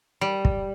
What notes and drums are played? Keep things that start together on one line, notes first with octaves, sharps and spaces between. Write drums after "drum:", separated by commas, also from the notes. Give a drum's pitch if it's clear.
G3
drum: kick